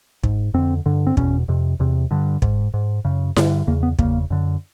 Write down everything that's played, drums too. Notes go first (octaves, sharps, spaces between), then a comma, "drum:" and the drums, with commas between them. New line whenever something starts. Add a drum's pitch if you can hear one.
G#2, drum: kick
F2 D3 C4
G2 D3
C4
E2 B2 C#4, drum: kick
F2 C3
E2 C3
G2 D3
G#2, drum: kick
G#2
F#2 C#3
G2 D3, drum: snare E4
E2 C#3 A#3
B3
E2 C#3 A#3, drum: kick
F#2 D3